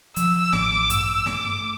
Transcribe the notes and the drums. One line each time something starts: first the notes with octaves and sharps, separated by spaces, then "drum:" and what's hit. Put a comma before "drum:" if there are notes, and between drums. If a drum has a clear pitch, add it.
F3 E6, drum: hi-hat
A1 D6, drum: snare
G2 E6, drum: hi-hat
A3 D6, drum: snare